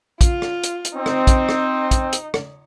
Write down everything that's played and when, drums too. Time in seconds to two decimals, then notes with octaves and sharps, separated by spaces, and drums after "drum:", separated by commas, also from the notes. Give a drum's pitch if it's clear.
0.21 F4, drum: kick, hi-hat
0.42 drum: rim click
0.63 drum: hi-hat
0.85 drum: hi-hat
0.96 C4 D#4
1.06 drum: rim click
1.27 drum: kick, hi-hat
1.49 drum: rim click
1.91 drum: kick, hi-hat
2.13 drum: hi-hat
2.34 drum: rim click